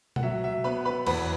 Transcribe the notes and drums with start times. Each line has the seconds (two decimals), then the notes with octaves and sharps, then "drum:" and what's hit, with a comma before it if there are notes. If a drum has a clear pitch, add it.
0.16 F#5, drum: tom B2
0.23 F#3 E5
0.44 E5
0.64 B3 B4 B5
0.85 B4 B5
1.07 E2 B4 B5, drum: cymbal